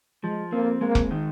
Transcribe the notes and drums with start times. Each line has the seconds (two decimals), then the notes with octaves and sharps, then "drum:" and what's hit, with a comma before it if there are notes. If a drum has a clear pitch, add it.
0.23 F3 G#3
0.52 A#3 C4
0.81 G#3 A#3
0.95 drum: kick F1
1.11 D#3